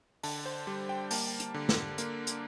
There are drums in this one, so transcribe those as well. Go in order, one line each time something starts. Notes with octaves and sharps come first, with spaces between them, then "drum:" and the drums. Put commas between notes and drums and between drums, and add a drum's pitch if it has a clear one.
D3 A5, drum: open hi-hat
C5
G3
G5
A#3 A5, drum: open hi-hat
drum: hi-hat
D3
drum: snare
A#3, drum: hi-hat
drum: hi-hat